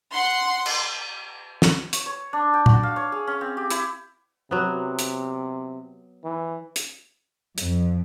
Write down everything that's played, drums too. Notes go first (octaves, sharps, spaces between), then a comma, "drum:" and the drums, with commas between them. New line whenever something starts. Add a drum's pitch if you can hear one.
F#5 C6
drum: cymbal
drum: snare
C#5, drum: hi-hat
C#5
D4
G5
F#4, drum: tom
F5
C#5
G#4
C#4
C4
G4
E4, drum: hi-hat
C3 F#3 B3
drum: hi-hat
E3
drum: hi-hat
F2, drum: hi-hat